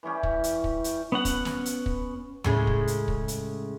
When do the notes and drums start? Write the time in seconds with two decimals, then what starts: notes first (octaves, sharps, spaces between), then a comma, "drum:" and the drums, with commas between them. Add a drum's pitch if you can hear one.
0.03 E3 G3 C#4 G4
0.23 drum: kick
0.44 drum: hi-hat
0.64 drum: kick
0.84 drum: hi-hat
1.12 B3 C#4 F#5
1.25 drum: kick, hi-hat
1.45 drum: snare
1.66 drum: hi-hat
1.86 drum: kick
2.44 A2 C#3 G#3, drum: tom D#2
2.67 drum: kick
2.87 drum: hi-hat
3.08 drum: kick
3.28 drum: hi-hat